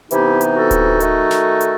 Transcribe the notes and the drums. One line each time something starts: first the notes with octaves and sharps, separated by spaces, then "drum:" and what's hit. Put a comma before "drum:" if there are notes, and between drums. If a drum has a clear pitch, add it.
C3 E3 B3 D#4 E4 G4, drum: hi-hat
drum: hi-hat
F#4 A4
drum: kick D1, hi-hat
D#3 A3 D#4, drum: hi-hat
drum: snare
drum: hi-hat